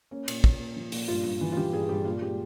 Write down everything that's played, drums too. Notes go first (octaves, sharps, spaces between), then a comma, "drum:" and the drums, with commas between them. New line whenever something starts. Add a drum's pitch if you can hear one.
A#3 C#4
A#2, drum: cymbal
A#3, drum: kick
A#3
F3
A#2, drum: open hi-hat
G2 F4
G2
E3
F4
E3 G4
G2 G#4
G2 G4
A#2 F4
G#3 G4